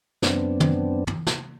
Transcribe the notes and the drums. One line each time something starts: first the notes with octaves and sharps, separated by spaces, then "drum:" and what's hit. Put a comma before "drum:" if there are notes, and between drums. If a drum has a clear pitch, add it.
F#2 B3 C4 D4, drum: snare
drum: tom
drum: tom
drum: snare